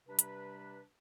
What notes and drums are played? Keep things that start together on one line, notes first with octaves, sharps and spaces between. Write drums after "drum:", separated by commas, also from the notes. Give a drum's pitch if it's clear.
C3 G3 D4 B4
drum: hi-hat